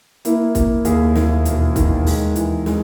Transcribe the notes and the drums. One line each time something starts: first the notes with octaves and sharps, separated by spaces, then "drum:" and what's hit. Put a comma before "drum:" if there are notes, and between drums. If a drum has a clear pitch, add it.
A#3 E4, drum: hi-hat
A#3, drum: kick, hi-hat
D#2 G#4, drum: hi-hat
D#2, drum: snare
E1, drum: hi-hat
D#3, drum: kick, hi-hat
G#3, drum: open hi-hat
E3, drum: hi-hat
G#3, drum: snare